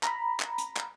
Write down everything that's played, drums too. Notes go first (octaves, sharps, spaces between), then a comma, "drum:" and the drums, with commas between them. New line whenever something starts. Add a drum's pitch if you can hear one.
A#5 B5, drum: clap
drum: clap
drum: hi-hat
drum: clap